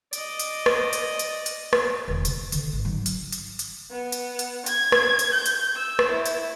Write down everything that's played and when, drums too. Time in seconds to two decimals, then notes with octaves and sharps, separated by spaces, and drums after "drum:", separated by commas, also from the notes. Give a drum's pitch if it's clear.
0.13 D5 D#5, drum: hi-hat
0.39 drum: hi-hat
0.66 drum: rim click
0.93 drum: hi-hat
1.19 drum: hi-hat
1.46 drum: hi-hat
1.73 drum: rim click
2.08 E1 D#3
2.25 C3, drum: hi-hat
2.52 D3 D#3, drum: hi-hat
2.73 G#1
2.85 D#3 F#3
3.06 drum: hi-hat
3.32 drum: hi-hat
3.59 drum: hi-hat
3.91 B3
4.12 drum: hi-hat
4.39 drum: hi-hat
4.66 G#6, drum: hi-hat
4.92 drum: rim click
5.19 drum: hi-hat
5.33 G6
5.46 drum: hi-hat
5.76 E6
5.99 drum: rim click
6.09 E4
6.26 drum: hi-hat